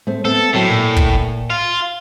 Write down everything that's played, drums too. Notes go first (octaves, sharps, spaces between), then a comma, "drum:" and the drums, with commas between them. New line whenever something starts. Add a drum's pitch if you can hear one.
A3 C4
A3 B3 C4 A4
A2 F#3 A#4
A#2
drum: kick
F4